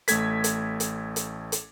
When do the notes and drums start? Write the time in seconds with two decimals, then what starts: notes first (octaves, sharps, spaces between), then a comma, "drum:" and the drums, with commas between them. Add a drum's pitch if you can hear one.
0.08 A1 A3 G#6 B6, drum: hi-hat
0.44 drum: hi-hat
0.80 drum: hi-hat
1.16 drum: hi-hat
1.52 drum: hi-hat